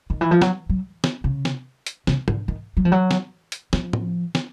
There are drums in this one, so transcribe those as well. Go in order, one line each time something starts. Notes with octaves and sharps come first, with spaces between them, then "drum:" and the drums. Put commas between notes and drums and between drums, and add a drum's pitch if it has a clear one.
D#3
E3
F3
F#3, drum: snare
F#3
drum: snare
C#3
drum: snare
drum: hi-hat
C#3, drum: snare
D3, drum: tom G#2
D#3
F#3
F3
F#3
drum: snare
drum: hi-hat
F3, drum: snare
drum: tom A2
drum: snare